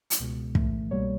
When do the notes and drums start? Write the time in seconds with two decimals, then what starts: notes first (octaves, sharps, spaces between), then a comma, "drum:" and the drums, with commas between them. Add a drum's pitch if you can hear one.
0.10 drum: hi-hat
0.20 C#2 B2 G#3
0.55 A2 E3 A3, drum: kick
0.91 C2 B2 G3 A#3 C#5